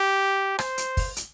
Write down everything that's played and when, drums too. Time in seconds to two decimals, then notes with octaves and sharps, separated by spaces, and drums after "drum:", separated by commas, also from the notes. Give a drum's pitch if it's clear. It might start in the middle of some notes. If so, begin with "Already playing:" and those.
Already playing: G4
0.59 C5, drum: rim click
0.78 drum: hi-hat
0.97 drum: kick, open hi-hat
1.16 drum: hi-hat